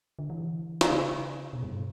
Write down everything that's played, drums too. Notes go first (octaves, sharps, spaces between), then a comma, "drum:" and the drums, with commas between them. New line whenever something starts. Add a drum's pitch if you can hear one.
D3
E3
drum: snare
C#3
B2
G2